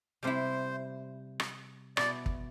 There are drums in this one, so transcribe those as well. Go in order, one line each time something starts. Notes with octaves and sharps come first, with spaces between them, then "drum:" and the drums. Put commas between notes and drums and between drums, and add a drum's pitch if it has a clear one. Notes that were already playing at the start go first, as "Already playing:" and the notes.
C3 G3 C4 E4 C5
drum: rim click
B2 B3 E4 D5, drum: rim click
drum: kick